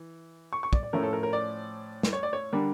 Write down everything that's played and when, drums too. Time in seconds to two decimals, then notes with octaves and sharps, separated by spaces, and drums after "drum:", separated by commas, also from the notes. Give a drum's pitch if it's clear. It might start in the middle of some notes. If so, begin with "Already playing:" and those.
Already playing: E3
0.53 C#6
0.63 C#6
0.73 D5, drum: kick
0.83 D5
0.93 A2 F3 A3 C#4 A#4
1.03 A4
1.13 A#4
1.23 A#4
1.33 D5
2.03 drum: snare
2.13 C#5
2.23 D5
2.33 C#5
2.53 D3 G3 D4 A#4